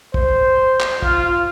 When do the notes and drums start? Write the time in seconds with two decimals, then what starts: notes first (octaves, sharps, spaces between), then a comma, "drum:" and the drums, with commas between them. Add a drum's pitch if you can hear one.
0.14 C5, drum: kick
0.80 drum: clap
1.02 F4, drum: kick